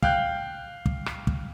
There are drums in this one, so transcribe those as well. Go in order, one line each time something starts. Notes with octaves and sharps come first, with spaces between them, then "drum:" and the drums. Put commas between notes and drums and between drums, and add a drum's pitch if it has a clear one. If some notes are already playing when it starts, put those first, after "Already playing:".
F5 G5 F#6 G6, drum: kick
drum: kick
drum: rim click
drum: kick